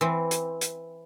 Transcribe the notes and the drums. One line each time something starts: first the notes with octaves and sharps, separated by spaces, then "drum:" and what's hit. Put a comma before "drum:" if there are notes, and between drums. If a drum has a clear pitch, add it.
E3 C4
drum: hi-hat
drum: hi-hat